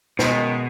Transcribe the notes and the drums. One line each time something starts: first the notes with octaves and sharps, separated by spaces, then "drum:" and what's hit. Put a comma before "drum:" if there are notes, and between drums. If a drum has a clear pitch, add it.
F#2 B2 D#3 G#3, drum: snare